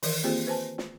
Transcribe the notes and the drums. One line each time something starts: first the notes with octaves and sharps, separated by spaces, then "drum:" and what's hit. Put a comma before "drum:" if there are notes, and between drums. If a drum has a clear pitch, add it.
D#3 E3 A#4, drum: open hi-hat
A#3 C4 F4 G4 G#4 C5
B4 C5 G#5 A5
drum: snare